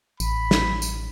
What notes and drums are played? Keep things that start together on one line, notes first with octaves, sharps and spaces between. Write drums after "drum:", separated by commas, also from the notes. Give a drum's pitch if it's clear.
A1 B5, drum: tambourine
drum: snare
drum: tambourine